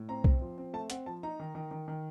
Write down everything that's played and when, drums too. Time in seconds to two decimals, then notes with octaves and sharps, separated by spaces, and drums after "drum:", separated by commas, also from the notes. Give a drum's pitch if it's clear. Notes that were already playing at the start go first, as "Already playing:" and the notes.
Already playing: A2
0.09 C4 A#5
0.24 C4, drum: kick C2
0.41 F3
0.58 C4
0.73 A3 A5
0.90 C4 F#5, drum: hi-hat
1.06 F3 A5
1.23 D#4 A#5
1.40 D#3
1.55 D#3
1.71 D#3
1.88 D#3